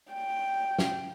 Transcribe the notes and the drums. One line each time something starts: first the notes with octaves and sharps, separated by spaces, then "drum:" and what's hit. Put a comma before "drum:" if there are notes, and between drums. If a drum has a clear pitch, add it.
G5
drum: snare